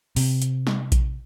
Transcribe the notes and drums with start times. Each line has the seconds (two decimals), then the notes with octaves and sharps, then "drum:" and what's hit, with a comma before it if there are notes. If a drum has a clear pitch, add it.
0.16 C3, drum: open hi-hat
0.42 drum: hi-hat
0.67 drum: snare
0.92 drum: kick A#1, hi-hat